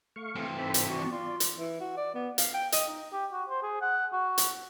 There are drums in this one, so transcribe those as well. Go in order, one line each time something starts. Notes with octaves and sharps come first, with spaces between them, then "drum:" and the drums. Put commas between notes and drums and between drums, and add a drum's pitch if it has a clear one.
A3 F5 C#6
E3 C4
G#2 A4 C5 B5
drum: hi-hat
F#4 D5
F4
drum: hi-hat
E3
F#4
D5
B3
F5, drum: hi-hat
G5
D#5, drum: hi-hat
D#4
G4
F#4
C5
G#4
F#5
F#4
drum: hi-hat